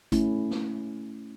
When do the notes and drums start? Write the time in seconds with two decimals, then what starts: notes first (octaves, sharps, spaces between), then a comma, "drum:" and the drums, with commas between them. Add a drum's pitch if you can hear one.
0.12 A3 C#4 E4, drum: kick, hi-hat
0.51 drum: snare